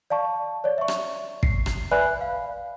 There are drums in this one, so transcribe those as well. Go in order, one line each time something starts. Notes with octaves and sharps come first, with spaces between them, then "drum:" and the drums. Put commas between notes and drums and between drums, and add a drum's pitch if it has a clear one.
D5 F5 A5 C#6
C#5 D5
E5 C#6
drum: rim click
C7, drum: kick
drum: rim click
B4 D5 E5 G#5 B5 F#6
F5